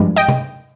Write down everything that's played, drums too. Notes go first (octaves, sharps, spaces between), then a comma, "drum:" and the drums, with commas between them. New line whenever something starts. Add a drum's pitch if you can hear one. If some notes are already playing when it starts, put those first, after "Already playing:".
Already playing: G2 F3 G#3
D#5 G5
drum: tom